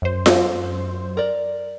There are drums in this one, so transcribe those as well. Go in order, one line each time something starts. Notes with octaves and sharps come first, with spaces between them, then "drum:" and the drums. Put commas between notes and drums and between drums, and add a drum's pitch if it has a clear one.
F#2 C5
drum: snare F4
A#4 D5